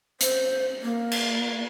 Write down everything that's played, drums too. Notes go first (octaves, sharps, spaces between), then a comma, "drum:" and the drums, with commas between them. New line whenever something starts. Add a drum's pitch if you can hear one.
C5, drum: hi-hat
A#3
drum: cymbal